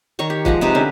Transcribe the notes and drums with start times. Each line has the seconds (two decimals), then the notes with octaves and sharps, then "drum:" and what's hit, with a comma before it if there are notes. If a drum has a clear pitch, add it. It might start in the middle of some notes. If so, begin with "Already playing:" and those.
0.19 D#3 C#5 A#5 C#6
0.30 G4
0.45 F3 G#3 F#5 A#5, drum: kick
0.61 C3 G#3 D#4 B4
0.75 D3 C#4